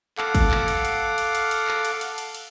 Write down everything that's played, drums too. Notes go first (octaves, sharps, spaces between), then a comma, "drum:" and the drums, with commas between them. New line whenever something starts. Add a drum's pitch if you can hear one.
A4 F5 F#5 D6, drum: clap
drum: kick, cymbal
drum: clap
drum: cymbal
drum: cymbal
drum: cymbal
drum: cymbal
drum: cymbal
drum: clap
drum: cymbal
drum: cymbal
drum: cymbal
drum: cymbal